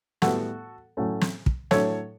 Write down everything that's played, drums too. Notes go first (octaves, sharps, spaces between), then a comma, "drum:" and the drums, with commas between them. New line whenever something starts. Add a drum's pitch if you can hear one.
A2 G3 B3 F#4 A4, drum: snare
A2 F#3 A3 C#4
drum: snare
drum: kick
A2 F#3 A3 D4 A4 C#5, drum: snare